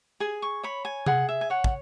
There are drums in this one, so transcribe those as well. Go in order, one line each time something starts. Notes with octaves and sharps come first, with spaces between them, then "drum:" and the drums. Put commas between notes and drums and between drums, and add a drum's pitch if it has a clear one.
G#4 G#5
C#6
C#5 B5
G#5
G#4 F#5, drum: tom C3
E5
G#5
C#5 F#5
drum: kick